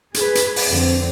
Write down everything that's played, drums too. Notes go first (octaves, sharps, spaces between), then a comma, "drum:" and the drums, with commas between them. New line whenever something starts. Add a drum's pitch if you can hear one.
G#4 B4, drum: hi-hat
drum: hi-hat
drum: open hi-hat
F2 D3 C4